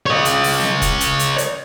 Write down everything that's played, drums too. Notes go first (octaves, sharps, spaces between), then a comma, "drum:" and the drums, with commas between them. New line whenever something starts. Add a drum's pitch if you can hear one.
C#5 D#5
drum: hi-hat
drum: open hi-hat
drum: snare
drum: kick, hi-hat
drum: hi-hat
drum: hi-hat
drum: hi-hat